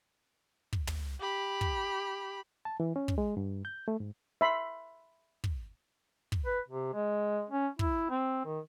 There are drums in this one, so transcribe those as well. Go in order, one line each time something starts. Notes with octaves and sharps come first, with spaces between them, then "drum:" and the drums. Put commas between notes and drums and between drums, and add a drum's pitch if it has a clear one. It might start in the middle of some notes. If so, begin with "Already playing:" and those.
drum: kick
drum: tom
G4 B5
drum: kick
A5
E3
C#4
drum: kick
G#3
G2
G6
A3
G#2
E5 B5 C6
drum: kick
drum: kick
B4
C3
G#3
C#4
E4, drum: kick
C4
D#3